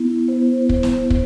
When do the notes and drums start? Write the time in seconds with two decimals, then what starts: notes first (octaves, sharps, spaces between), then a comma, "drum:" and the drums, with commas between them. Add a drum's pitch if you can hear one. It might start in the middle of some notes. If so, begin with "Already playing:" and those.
Already playing: B3 E4
0.10 E4
0.28 B3 C5
0.42 C5
0.47 E4
0.69 drum: kick
0.83 drum: snare
1.10 drum: kick